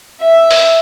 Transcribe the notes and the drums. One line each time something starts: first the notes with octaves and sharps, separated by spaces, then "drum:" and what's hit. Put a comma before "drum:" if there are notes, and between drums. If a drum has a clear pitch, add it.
E5
drum: open hi-hat